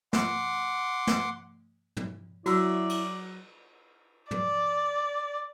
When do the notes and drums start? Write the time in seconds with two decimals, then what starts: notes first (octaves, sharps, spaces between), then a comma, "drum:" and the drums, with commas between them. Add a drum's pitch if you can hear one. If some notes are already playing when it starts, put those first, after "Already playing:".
0.13 F#5 C6 D6, drum: snare
1.07 drum: snare
1.97 drum: tom
2.46 F#3 E4 F#4 D5 E6, drum: cymbal
2.89 drum: cymbal
4.31 D5, drum: tom